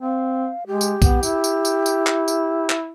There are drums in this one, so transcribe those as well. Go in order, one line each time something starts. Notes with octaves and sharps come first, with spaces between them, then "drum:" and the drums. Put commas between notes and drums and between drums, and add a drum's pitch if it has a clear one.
C4 F5
G#3 G4
drum: tambourine
B3, drum: kick B1, tambourine
E4, drum: tambourine
drum: tambourine
drum: tambourine
drum: tambourine
drum: clap
drum: tambourine
drum: clap